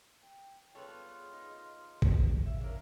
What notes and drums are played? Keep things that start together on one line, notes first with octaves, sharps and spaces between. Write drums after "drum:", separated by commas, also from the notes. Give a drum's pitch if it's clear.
G5
G3 B3 F4 G#4 A4 B4 C#5
D#4
drum: kick A1
E5 F5
C#4 D4 G#4 A#4